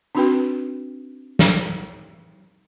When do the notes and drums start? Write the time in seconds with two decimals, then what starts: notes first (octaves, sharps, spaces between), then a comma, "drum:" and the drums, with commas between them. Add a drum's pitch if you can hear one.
0.15 C4 D4 D#4 F#4 B4 G5
1.39 drum: snare